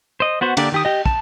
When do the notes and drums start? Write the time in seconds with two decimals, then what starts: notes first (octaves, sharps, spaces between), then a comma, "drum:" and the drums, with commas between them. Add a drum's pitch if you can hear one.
0.20 C5 D#5
0.41 B3 F#4 C5
0.57 D3 A#3 D4 G4 D5, drum: cymbal
0.72 D#3 G4 D#6
0.85 G4 D#5
1.06 A5, drum: kick